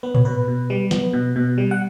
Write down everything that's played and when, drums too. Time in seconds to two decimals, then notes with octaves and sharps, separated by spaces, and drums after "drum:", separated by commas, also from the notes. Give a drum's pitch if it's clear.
0.03 B3 B4
0.15 C#5, drum: tom A2
0.25 B2 B4
0.48 B2
0.70 G3
0.91 B3, drum: snare
1.13 B2
1.36 B2
1.58 G3
1.71 F#5